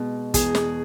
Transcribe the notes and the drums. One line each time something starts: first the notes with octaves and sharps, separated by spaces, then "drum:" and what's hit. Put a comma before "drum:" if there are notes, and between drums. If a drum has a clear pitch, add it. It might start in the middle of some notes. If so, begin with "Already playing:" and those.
Already playing: B2 G#3
E2 G#4, drum: kick, hi-hat
drum: snare